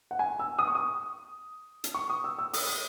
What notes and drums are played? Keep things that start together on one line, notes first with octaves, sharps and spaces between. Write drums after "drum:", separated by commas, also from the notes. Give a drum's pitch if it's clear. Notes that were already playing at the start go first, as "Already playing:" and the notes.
F#5
G#5
E6
D#6
C#6
D#6
drum: hi-hat
C#6
D#6
E6
E6
D#6, drum: open hi-hat
D#6